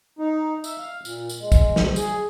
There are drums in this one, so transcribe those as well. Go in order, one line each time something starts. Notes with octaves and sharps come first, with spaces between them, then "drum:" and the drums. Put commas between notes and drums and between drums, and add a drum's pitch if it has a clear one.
D#4
E5, drum: tambourine
F5
A#2, drum: tambourine
drum: tambourine
G#3
drum: kick, tambourine
D2, drum: snare
G#4, drum: tambourine